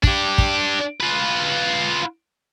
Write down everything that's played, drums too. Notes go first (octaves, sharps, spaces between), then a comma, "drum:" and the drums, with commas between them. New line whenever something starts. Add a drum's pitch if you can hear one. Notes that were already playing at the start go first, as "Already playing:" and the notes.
D4 G4, drum: kick
drum: kick
F4 B4